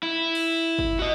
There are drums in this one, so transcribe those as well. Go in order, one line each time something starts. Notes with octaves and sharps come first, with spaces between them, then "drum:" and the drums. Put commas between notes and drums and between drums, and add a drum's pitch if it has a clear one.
E4
drum: cymbal
drum: kick
F#4 D#5